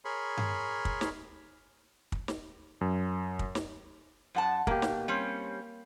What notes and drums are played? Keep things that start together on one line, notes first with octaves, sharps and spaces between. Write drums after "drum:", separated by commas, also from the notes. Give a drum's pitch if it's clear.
G#4 A#4 C#5 B5 C6
drum: tom G2
drum: kick
drum: snare
drum: kick
drum: snare
F#2
drum: kick
drum: snare
F#2 F#5 A5
B2 A#3 G4, drum: kick
drum: snare
G3 C4 C#4